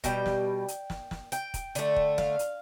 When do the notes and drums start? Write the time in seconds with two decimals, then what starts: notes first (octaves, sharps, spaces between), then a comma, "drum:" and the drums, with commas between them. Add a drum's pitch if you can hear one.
0.04 B2 G3 G5, drum: kick, hi-hat
0.26 drum: snare
0.68 drum: hi-hat
0.90 drum: snare
1.11 drum: snare
1.32 G5, drum: hi-hat
1.54 drum: kick, hi-hat
1.75 D3 A3, drum: hi-hat
1.96 drum: kick
2.18 F5, drum: snare
2.39 drum: hi-hat